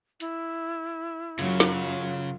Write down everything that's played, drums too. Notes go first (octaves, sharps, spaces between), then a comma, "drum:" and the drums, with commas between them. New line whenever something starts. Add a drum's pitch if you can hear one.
E4, drum: hi-hat
F#2 C#3 F#3 F4, drum: cymbal
drum: snare